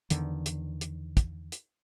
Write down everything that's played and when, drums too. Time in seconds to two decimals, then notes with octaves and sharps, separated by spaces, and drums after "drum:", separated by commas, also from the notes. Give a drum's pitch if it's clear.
0.10 E2 D3 D#3, drum: hi-hat
0.46 drum: hi-hat
0.81 drum: hi-hat
1.17 drum: kick, hi-hat
1.52 drum: hi-hat